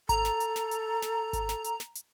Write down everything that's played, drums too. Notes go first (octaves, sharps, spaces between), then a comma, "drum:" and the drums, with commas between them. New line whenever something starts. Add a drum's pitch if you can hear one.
A4 A#5, drum: kick G#1, hi-hat
drum: snare
drum: hi-hat
drum: snare
drum: hi-hat
drum: snare
drum: kick G#1, hi-hat
drum: snare
drum: hi-hat
drum: snare
drum: hi-hat